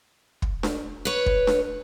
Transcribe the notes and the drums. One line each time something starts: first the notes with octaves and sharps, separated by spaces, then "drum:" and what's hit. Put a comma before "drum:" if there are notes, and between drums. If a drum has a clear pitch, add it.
drum: kick
drum: snare D4
B4 C#5
drum: kick
drum: snare D4